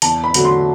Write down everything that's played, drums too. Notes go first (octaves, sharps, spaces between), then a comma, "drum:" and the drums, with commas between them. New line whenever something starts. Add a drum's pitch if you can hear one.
E2 A5, drum: hi-hat
B5
D3 F#3 A3, drum: hi-hat
C6